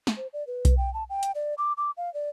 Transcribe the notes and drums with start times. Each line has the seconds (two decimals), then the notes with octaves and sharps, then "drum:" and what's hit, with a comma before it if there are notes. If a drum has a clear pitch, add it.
0.07 drum: snare
0.17 C5
0.33 D5
0.47 B4
0.65 drum: kick B1, hi-hat
0.78 G5
0.94 A5
1.10 G5
1.23 drum: hi-hat
1.35 D5
1.58 D6
1.77 D6
1.97 F5
2.14 D5